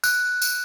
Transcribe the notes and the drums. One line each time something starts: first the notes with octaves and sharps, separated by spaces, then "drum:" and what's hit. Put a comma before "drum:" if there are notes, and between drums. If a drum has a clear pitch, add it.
F#6, drum: tambourine
drum: tambourine